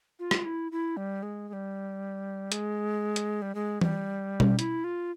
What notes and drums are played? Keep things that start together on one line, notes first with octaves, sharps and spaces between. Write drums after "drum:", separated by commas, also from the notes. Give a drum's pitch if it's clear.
F4
drum: rim click
E4
E4
G3
G#3
G#3
G3
G#3, drum: hi-hat
drum: hi-hat
G3
G#3
G3, drum: tom E3
drum: tom B2
E4, drum: hi-hat
F4